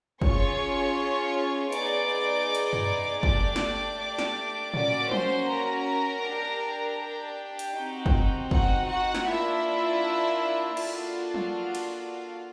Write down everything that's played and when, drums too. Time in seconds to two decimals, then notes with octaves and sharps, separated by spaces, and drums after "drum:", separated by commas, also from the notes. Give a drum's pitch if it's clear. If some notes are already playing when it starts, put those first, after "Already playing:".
0.22 C#4 F4 G#4 C#5 C#6, drum: kick
1.72 B3 D#4 G#4 D5 D6, drum: hi-hat
2.55 drum: hi-hat
2.73 drum: tom F#2
3.23 A3 D4 G4 D5 D6, drum: kick
3.56 drum: snare
3.99 D5 D6
4.19 drum: snare
4.74 A#3 C#4 F#4 D5 D6, drum: tom A2
5.12 C5 C6, drum: tom F3
5.50 A#4 A#5
6.25 D4 G4
7.00 G4 G5
7.59 drum: hi-hat
7.76 C4 D#4 F#4
8.06 drum: kick
8.51 F#4 F#5, drum: kick
8.89 F#4 F#5
9.15 drum: snare
9.26 A#3 D4 E4 F4 E5
10.77 A#3 D4 F4 F#4 A4 F5, drum: cymbal
11.34 drum: tom F3
11.75 drum: cymbal